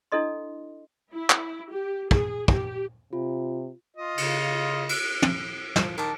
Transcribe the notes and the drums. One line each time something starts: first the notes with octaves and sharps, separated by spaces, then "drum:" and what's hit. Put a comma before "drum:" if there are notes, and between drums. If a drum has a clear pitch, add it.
D4 E4 A4 D#5 C6
E4
drum: clap
G4
G#4, drum: kick
G4, drum: kick
C3 F4
F4 D#5
C#3, drum: cymbal
drum: cymbal
drum: tom
F3, drum: snare
D#3 A5 D6